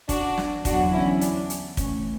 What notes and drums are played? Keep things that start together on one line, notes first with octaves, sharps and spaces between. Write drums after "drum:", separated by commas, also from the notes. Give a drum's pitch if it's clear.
D4 F#4, drum: kick, hi-hat
drum: snare
E2 D3 F#3 D4 F#4, drum: kick, hi-hat
C#4 E4
D4, drum: hi-hat
drum: hi-hat
A2 E3 C#4, drum: kick, hi-hat